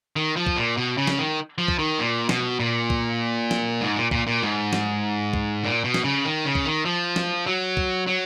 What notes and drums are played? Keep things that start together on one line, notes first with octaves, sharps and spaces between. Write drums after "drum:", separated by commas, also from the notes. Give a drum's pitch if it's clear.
D#3
F3
drum: kick
A#2
B2
C#3
drum: snare
D#3
F3
drum: kick
D#3
A#2
B2, drum: snare
A#2
drum: kick
drum: snare
G#2
A#2
A#2, drum: kick
A#2
G#2
drum: snare
drum: kick
A#2
B2
drum: snare
C#3
D#3
C#3
drum: kick
D#3
F3
drum: snare
F#3
drum: kick
F#3